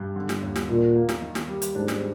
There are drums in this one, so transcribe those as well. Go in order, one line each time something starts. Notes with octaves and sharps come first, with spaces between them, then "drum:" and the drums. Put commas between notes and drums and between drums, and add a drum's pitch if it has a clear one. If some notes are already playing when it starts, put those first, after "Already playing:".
Already playing: G2
D3
drum: snare
D#2
drum: snare
A#2 D#3
A#3
drum: snare
D#3
drum: snare
G3
drum: hi-hat
G#2 D4
drum: snare